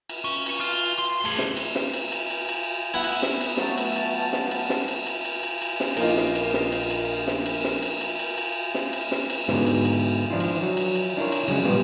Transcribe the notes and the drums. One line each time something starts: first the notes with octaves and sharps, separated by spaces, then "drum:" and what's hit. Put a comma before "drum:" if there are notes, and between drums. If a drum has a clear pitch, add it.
drum: cymbal
C#4
drum: cymbal
F4
C6
A3 G#4
drum: snare
drum: cymbal
drum: snare
drum: cymbal
drum: cymbal
drum: cymbal
drum: cymbal
B3 E4 F#5
drum: cymbal
drum: snare
drum: cymbal
F#3 A3 A5, drum: snare
drum: cymbal
drum: cymbal
drum: snare
drum: cymbal
drum: snare
drum: cymbal
drum: cymbal
drum: cymbal
drum: cymbal
drum: cymbal
drum: snare
A#1 A#3 D#4 F4, drum: cymbal
drum: snare
drum: cymbal
drum: snare
drum: cymbal
drum: cymbal
drum: snare
drum: cymbal
drum: snare
drum: cymbal
drum: cymbal
drum: cymbal
drum: cymbal
drum: snare
drum: cymbal
drum: snare
drum: cymbal
G#2 B2 D3, drum: snare
drum: cymbal
drum: cymbal
F3 D4 E4 F4
drum: cymbal
F#3 F#4
drum: cymbal
drum: cymbal
D4 E4 F4 A#4 C#5
drum: cymbal
C#3 F#3 G#3 C#4, drum: cymbal
A#2 C#3 F3 G3 B3